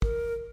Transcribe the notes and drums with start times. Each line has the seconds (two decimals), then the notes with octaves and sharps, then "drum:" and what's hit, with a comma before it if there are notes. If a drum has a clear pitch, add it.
0.02 A#4, drum: kick